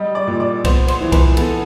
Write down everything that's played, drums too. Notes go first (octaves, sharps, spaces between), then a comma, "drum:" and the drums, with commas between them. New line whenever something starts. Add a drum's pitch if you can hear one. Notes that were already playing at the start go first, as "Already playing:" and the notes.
Already playing: G3 D#5
D5
A#2
D5
B3 C5, drum: kick B1, cymbal
C5, drum: cymbal
E3
B4, drum: kick B1, cymbal
B3 A4, drum: cymbal